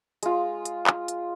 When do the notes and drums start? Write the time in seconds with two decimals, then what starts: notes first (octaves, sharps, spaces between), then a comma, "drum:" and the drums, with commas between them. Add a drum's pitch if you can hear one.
0.23 G#3 F4, drum: hi-hat
0.65 drum: hi-hat
0.87 drum: clap
1.08 drum: hi-hat